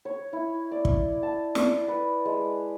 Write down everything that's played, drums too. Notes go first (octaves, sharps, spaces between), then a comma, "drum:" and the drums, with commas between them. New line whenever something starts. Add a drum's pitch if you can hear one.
C#5
E4
D5
drum: kick
A5
D5, drum: snare
B4
G#3